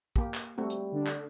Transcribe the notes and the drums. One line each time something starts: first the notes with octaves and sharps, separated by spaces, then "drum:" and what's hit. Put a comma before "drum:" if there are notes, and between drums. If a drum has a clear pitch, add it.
A#3 G4, drum: kick
drum: clap
G3 A3 C4 F#4
drum: hi-hat
D3 D4
drum: clap